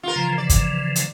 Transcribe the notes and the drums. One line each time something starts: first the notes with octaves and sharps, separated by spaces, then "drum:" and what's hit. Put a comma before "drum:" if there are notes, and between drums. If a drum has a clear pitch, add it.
F4 A#4
C#3 E3 F3
D5
drum: kick, hi-hat
drum: hi-hat